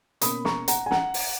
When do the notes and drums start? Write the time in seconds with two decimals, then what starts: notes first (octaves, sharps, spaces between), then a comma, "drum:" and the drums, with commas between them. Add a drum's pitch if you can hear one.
0.21 B2 A#3 C#4 B5 D#6, drum: hi-hat
0.45 A#5 C#6, drum: snare
0.68 F#5 A#5, drum: hi-hat
0.86 G#5
0.91 F#5 A#5, drum: snare
1.14 drum: open hi-hat